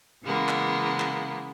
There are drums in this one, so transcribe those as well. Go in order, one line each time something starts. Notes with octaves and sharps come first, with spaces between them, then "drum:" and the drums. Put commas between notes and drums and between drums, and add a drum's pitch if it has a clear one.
C#3 E3 G#3 A#3 B3
drum: clap
drum: clap